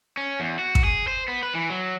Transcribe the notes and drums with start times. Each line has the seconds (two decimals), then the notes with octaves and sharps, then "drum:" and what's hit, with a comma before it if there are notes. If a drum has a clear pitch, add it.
0.17 C#4
0.40 E2
0.59 F#4
0.75 drum: kick
0.84 G#4
1.07 C5
1.28 B3
1.43 B4
1.55 E3
1.70 F#3